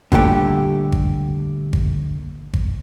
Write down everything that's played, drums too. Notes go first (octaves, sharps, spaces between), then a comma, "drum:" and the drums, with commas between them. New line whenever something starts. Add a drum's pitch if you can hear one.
A#2 D3 G3 A3 G4, drum: kick G#1
drum: kick G#1
drum: kick G#1
drum: kick G#1